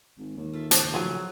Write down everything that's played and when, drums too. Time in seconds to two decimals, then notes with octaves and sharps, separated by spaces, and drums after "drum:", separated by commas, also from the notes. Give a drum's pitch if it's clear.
0.18 G#1
0.37 D#2
0.53 F4 A4 E5
0.71 D2 C#3 C5 A5, drum: hi-hat
0.94 C#3 F3 F#3 A3 F4 G#4 G#5